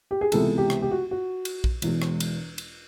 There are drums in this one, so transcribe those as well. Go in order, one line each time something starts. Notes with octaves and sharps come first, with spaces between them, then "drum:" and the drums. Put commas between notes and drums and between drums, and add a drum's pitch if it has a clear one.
G4
G#4
C#2 C3 E3 G#3 B3 A4, drum: cymbal
G4
drum: rim click
G4
F#4
F#4
drum: cymbal
drum: kick A#1
E1 E2 B2 G#3, drum: cymbal
drum: rim click
drum: cymbal
drum: cymbal